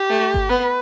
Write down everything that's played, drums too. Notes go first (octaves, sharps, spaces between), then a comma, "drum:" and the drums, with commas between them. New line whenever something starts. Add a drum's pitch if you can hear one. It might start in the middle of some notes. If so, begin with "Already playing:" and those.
Already playing: G4
A3
drum: kick G1
B3 B4